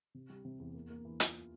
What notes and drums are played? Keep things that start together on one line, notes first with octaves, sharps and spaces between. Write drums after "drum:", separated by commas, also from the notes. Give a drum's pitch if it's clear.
C3
G3
C3
E2
A#3
A#3
E3
F4, drum: hi-hat